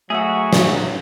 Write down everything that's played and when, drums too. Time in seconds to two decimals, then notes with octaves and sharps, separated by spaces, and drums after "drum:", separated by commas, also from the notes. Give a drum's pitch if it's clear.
0.10 F#3 A3 F#4 G#4 E5 F#5 D#6 E6
0.53 drum: snare